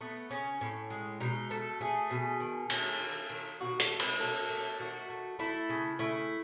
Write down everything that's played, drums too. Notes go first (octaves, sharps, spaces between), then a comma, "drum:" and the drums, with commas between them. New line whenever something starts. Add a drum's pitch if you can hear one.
A3 B3
C#3 C#4
A2 C#4
G#3
B2 D#4
A3 A4
A3 G#4
B2
D#3
A3, drum: cymbal
A3
D#3
B2 F#4
A4, drum: hi-hat
G#3
B4, drum: cymbal
B2 A4
A3
D#3 F#4
A3
A3 E4
C#3
A3 E4